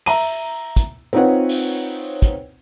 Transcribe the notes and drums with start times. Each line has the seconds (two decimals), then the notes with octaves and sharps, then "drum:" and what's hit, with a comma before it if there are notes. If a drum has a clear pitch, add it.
0.06 E5 A#5 D#7, drum: open hi-hat
0.76 drum: kick, hi-hat
1.13 C4 D#4 F4 B4 C#5 F#5
1.49 drum: open hi-hat
2.22 drum: kick, hi-hat